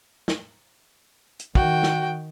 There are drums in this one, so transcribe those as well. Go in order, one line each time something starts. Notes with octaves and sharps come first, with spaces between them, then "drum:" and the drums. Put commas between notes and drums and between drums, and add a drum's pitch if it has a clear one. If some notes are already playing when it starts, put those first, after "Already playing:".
drum: snare
drum: hi-hat
D#3 F#4 G5, drum: kick
drum: snare